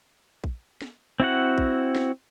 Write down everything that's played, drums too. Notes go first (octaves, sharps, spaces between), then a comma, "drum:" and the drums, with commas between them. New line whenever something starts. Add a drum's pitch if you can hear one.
drum: kick A#1
drum: snare
C4 E4 F#4 F#5
drum: kick A#1
drum: snare